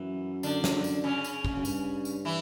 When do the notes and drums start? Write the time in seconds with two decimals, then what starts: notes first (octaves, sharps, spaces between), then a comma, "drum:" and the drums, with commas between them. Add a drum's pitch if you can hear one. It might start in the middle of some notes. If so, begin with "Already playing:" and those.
Already playing: F#2 E3 E4
0.43 D3 D4, drum: tambourine
0.64 drum: snare
0.84 drum: tambourine
1.04 C#3 C#4
1.24 drum: tambourine
1.45 drum: kick
1.56 F#2
1.65 G2, drum: tambourine
2.05 drum: tambourine
2.25 E3 E4